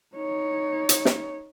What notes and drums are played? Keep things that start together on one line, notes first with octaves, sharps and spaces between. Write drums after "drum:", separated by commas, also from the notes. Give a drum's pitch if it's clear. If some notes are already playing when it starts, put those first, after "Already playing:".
D#4 C#5
drum: hi-hat
drum: snare